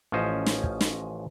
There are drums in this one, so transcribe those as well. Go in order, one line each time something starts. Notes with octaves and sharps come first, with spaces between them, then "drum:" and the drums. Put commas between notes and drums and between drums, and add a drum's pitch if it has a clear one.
A1 F3 C#4 C5 D#5
drum: snare
drum: kick
drum: snare